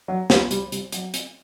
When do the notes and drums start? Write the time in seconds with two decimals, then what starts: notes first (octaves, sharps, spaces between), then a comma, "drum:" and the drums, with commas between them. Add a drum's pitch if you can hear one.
0.08 F#3
0.30 G3, drum: snare
0.51 G3, drum: hi-hat
0.72 G3, drum: hi-hat
0.92 F#3, drum: hi-hat
1.14 drum: hi-hat